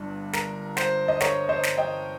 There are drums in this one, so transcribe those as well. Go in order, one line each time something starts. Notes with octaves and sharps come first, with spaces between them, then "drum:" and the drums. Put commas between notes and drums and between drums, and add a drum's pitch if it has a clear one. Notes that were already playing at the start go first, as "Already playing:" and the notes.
Already playing: G1 G2
A#4, drum: snare
C5, drum: snare
D#5
A#4 C#5, drum: snare
C5 D#5
drum: snare
D#5 G5